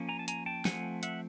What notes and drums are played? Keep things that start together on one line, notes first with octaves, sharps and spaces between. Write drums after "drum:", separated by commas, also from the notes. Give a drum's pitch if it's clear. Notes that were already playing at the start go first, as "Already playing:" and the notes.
Already playing: F3 A#3 C#4
G#5 A#5
A5
G#5 A#5, drum: hi-hat
G5 A5
F3 A3 C4 F#5 G#5, drum: snare
E5 F#5, drum: hi-hat